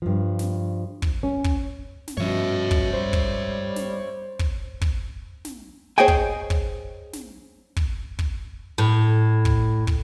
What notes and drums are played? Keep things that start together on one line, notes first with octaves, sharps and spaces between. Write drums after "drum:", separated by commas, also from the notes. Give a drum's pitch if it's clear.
G2 F3
drum: snare
drum: kick
C#4
drum: kick
drum: snare
G2 B2 F3 C#4 C#5 E5
drum: kick
G3 C5
drum: kick
drum: snare
drum: kick
drum: kick
drum: snare
G#4 C5 C#5 D#5 G5 G#5
drum: kick
drum: kick
drum: snare
drum: kick
drum: kick
A2
drum: kick
drum: kick